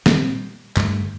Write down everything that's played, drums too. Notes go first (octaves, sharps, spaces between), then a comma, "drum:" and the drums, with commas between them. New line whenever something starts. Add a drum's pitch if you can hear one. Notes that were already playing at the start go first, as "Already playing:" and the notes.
A#2 G3 C4, drum: snare
G2 D3 A3, drum: clap